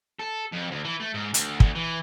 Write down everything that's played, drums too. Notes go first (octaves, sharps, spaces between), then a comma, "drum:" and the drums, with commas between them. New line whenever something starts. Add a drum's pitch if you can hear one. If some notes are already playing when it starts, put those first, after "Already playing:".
A4
F2
D2
E3
A3
G#2
D2, drum: hi-hat
D2, drum: kick
E3